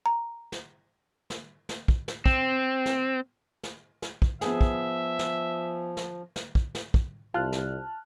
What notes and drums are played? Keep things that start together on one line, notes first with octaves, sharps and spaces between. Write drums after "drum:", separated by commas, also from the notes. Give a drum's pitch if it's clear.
A#5
drum: snare
drum: snare
drum: snare
drum: kick
drum: snare
C4, drum: kick
drum: snare
drum: snare
drum: snare
drum: kick
F3 B3 G#4 E5, drum: snare
drum: kick
drum: snare
drum: snare
drum: snare
drum: kick
drum: snare
drum: kick
C2 F4 A5 F6 F#6
drum: snare